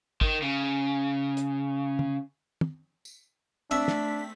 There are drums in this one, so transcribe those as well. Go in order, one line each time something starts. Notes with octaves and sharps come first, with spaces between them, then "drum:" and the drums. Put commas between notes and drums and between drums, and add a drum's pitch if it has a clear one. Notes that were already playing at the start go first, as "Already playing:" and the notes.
D#3, drum: kick
C#3
drum: hi-hat
drum: tom
drum: tom
drum: tambourine
A3 C4 D4 E5 B6, drum: cymbal
drum: snare